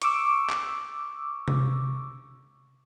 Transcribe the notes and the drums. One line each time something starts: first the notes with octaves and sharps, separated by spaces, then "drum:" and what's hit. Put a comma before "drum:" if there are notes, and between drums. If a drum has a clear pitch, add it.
C#6 D6 E6, drum: hi-hat
drum: clap
drum: tom C3